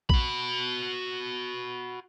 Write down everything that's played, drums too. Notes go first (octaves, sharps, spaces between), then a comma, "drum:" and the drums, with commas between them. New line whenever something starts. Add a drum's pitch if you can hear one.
F#4 B5, drum: kick